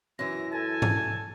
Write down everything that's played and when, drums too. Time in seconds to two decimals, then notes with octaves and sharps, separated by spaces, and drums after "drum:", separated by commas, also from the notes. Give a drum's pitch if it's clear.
0.19 F#2 E3 A#6
0.53 A4 G#5 A5 A6
0.82 drum: tom G#2